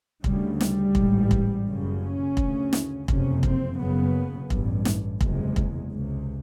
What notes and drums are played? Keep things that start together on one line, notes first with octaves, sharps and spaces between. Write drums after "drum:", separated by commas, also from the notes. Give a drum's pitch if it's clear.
D2 C#3 G3, drum: kick
G3, drum: snare
A1 G#2, drum: kick
drum: kick
F#1 F#2 C#3
C#4
D2 C#3, drum: kick
drum: snare
F#1 F2 C3 C#4, drum: kick
C4, drum: kick
F#1 F#2 C#3 B3
A1 G2, drum: kick
drum: snare
F#1 E2 C3 G#3, drum: kick
drum: kick
C#2 C3